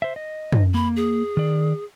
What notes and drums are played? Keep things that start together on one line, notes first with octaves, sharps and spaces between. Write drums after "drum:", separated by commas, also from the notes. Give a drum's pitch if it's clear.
C5 E5
D#5
drum: tom
A#3 B5
G#4
D#3 D5